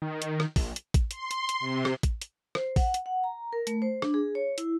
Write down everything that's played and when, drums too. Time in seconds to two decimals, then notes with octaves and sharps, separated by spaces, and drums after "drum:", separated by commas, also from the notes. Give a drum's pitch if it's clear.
0.02 D#3
0.22 drum: hi-hat
0.40 drum: rim click
0.56 A#1, drum: kick A1, open hi-hat
0.76 drum: hi-hat
0.94 drum: kick A1, hi-hat
1.11 C6, drum: hi-hat
1.31 drum: hi-hat
1.49 drum: hi-hat
1.60 C3
1.85 drum: rim click
2.03 drum: kick A1, hi-hat
2.22 drum: hi-hat
2.55 C5, drum: rim click
2.76 F#5, drum: kick A1, open hi-hat
2.94 drum: hi-hat
3.06 F#5
3.24 A#5
3.53 A#4
3.67 A3, drum: hi-hat
3.82 C5
4.02 D4, drum: rim click
4.14 G#4
4.35 C#5
4.58 E4, drum: hi-hat